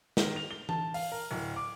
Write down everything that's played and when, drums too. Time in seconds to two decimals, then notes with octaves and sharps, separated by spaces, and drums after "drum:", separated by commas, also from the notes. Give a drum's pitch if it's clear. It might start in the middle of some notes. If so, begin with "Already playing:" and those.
0.17 D#3, drum: snare
0.36 F7
0.51 G7
0.69 A5, drum: tom E3
0.94 F5, drum: open hi-hat
1.12 A#4
1.31 D1
1.56 D6